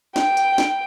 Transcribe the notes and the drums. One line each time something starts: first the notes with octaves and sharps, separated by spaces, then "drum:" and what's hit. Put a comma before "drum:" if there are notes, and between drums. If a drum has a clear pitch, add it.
G5, drum: snare
drum: hi-hat
drum: snare